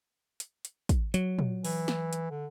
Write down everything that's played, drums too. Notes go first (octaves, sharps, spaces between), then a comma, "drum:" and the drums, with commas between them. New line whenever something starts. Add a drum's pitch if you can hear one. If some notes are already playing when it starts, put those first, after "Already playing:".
drum: hi-hat
drum: hi-hat
drum: kick, hi-hat
F#3, drum: hi-hat
drum: tom A#2
E3, drum: open hi-hat
drum: snare
drum: hi-hat
D3